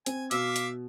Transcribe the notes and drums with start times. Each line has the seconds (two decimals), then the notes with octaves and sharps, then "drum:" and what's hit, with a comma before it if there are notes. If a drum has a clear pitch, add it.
0.06 C4 G#5, drum: hi-hat
0.31 B2 E5 F5 D6, drum: hi-hat
0.56 drum: hi-hat